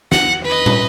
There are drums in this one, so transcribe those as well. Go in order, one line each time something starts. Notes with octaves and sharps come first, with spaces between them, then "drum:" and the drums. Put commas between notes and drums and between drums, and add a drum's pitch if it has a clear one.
F#5, drum: snare
B4 D#5
drum: tom